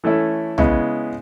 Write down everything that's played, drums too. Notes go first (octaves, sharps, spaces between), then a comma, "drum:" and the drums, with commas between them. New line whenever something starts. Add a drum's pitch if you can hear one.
E3 A3 C#4 E4
C#3 G#3 B3 E4, drum: tom B1